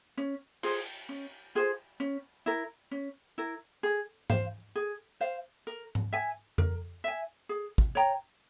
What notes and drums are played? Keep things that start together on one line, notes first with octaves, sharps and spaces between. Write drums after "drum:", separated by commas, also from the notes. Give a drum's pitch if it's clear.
C#4
F4 G#4 C5, drum: cymbal
C#4
F4 G#4 C5
C#4
E4 A#4
C#4
E4 A#4
G#4
C5 F5, drum: tom G#2
G#4
C5 F5
A#4
drum: tom G#2
E5 G#5
A#4, drum: tom F2
E5 G#5
G#4
drum: kick
C#5 G5 A#5